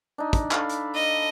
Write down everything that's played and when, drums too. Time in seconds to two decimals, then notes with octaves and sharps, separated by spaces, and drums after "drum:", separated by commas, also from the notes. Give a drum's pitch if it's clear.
0.18 D4 D#4
0.33 drum: kick, hi-hat
0.51 A4 F5 B5, drum: clap
0.69 drum: hi-hat
0.95 D#5